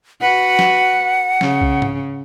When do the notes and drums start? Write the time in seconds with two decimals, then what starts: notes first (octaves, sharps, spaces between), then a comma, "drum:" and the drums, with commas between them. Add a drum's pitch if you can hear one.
0.21 F#4 B4 F#5
0.59 drum: snare
1.41 C#3, drum: snare
1.62 drum: kick C2
1.82 drum: tom G#2